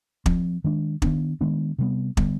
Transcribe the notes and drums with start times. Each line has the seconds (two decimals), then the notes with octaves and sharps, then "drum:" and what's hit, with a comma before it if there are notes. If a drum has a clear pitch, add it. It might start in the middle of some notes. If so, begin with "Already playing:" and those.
0.26 F3 C4, drum: kick
0.64 D#3 G#3 D4
1.02 D#3 B3 D4, drum: kick
1.41 D#3 G#3 B3 D4
1.78 C3 G3 B3
2.17 D3 G3 B3, drum: kick